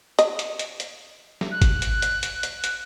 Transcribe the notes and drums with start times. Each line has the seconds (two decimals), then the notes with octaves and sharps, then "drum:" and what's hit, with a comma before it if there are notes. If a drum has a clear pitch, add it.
0.19 D#5, drum: hi-hat
0.39 drum: hi-hat
0.59 drum: hi-hat
0.80 drum: hi-hat
1.41 drum: snare
1.52 F#6
1.62 drum: kick G1, hi-hat
1.82 drum: hi-hat
2.02 drum: hi-hat
2.23 drum: hi-hat
2.43 drum: hi-hat
2.64 drum: hi-hat